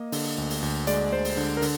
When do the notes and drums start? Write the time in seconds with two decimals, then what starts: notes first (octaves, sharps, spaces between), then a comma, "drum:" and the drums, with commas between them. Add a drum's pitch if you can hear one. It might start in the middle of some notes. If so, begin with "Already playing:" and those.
Already playing: A#3 D#5
0.12 D3, drum: open hi-hat
0.38 D2
0.50 drum: open hi-hat
0.62 D2
0.87 G#3 D5, drum: hi-hat
1.12 D2 C5
1.25 drum: open hi-hat
1.37 D3
1.57 A#4
1.62 D3, drum: open hi-hat